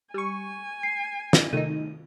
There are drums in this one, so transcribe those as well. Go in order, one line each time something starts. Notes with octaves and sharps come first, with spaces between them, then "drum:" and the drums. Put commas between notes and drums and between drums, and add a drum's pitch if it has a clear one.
G3 G#5 C#6
C7
drum: snare
C3 D#3 A3 D#4 D#7